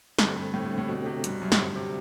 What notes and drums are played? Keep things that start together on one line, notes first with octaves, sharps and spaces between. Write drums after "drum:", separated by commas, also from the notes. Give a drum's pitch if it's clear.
G2 D3 A3 C4 G4, drum: snare
G2
A2
G2
A2
B2
C3
G2, drum: hi-hat
F#2
A2, drum: snare
G2 D3 G3 C4 F#4
C3